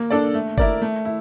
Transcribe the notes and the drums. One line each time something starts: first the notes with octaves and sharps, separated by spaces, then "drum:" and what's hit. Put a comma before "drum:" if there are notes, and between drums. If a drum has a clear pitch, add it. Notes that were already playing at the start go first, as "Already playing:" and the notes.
Already playing: A#3
D4 A4 D5
A3
E4 A#4 D5, drum: kick G1
A3
E4